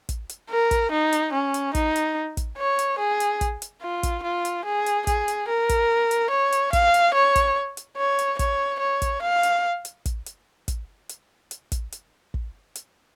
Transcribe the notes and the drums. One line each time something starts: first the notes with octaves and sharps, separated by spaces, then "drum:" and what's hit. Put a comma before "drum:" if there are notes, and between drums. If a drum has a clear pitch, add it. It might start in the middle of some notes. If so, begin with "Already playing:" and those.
drum: kick, hi-hat
drum: hi-hat
A#4
drum: kick, hi-hat
D#4
drum: hi-hat
C#4
drum: hi-hat
D#4, drum: kick, hi-hat
drum: hi-hat
drum: kick, hi-hat
C#5
drum: hi-hat
G#4
drum: hi-hat
drum: kick, hi-hat
drum: hi-hat
F4
drum: kick, hi-hat
F4
drum: hi-hat
G#4
drum: hi-hat
G#4, drum: kick, hi-hat
drum: hi-hat
A#4
drum: kick, hi-hat
drum: hi-hat
C#5
drum: hi-hat
F5, drum: kick, hi-hat
drum: hi-hat
C#5
drum: kick, hi-hat
drum: hi-hat
C#5
drum: hi-hat
C#5, drum: kick, hi-hat
C#5
drum: kick, hi-hat
F5
drum: hi-hat
drum: hi-hat
drum: kick, hi-hat
drum: hi-hat
drum: kick, hi-hat
drum: hi-hat
drum: hi-hat
drum: kick, hi-hat
drum: hi-hat
drum: kick
drum: hi-hat